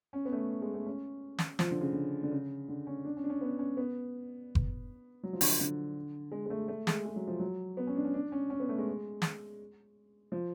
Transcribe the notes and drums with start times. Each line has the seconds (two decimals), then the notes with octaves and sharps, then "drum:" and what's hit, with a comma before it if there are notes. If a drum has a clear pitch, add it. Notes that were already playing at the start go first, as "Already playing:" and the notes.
0.13 C#4
0.25 B3
0.32 A3
0.62 G#3
0.74 A3
0.86 C#4
1.38 drum: snare
1.59 F3, drum: snare
1.71 D3
1.81 C#3
1.93 D3
2.23 D3
2.32 C#3
2.68 D3
2.87 C#4
3.05 D4
3.17 C#4
3.24 D4
3.29 C#4
3.41 B3
3.59 C#4
3.77 B3
4.55 drum: kick F#1
5.23 F#3
5.33 F3
5.41 D3, drum: open hi-hat
5.60 D3
6.32 G#3
6.46 G#3
6.50 A3
6.68 A3
6.87 G#3, drum: snare
7.06 G#3
7.16 F#3
7.27 F3
7.40 F#3
7.77 B3
7.87 C#4
7.96 D4
8.05 C#4
8.14 D4
8.32 C#4
8.50 C#4
8.60 B3
8.69 A3
8.78 G#3
9.22 drum: snare
10.32 F3